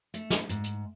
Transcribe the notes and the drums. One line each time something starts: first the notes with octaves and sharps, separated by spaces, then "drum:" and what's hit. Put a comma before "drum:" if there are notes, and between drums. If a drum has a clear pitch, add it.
A3, drum: hi-hat
drum: snare
G#2, drum: hi-hat
drum: hi-hat